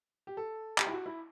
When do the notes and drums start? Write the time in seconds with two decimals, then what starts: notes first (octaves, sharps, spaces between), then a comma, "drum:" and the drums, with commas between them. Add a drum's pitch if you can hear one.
0.27 G4
0.37 A4
0.78 G4, drum: clap
0.87 E4
0.92 F#4
1.06 E4